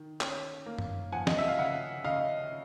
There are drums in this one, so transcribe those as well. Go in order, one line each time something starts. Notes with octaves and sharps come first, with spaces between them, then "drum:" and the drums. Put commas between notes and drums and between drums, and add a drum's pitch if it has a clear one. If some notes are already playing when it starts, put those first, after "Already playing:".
Already playing: D#3
C#4, drum: clap
A#3
drum: tom F#2
F3 F#5 G#5
D#5, drum: snare
E5
F5
C#3 E5 F#5
C#3 D#5 F5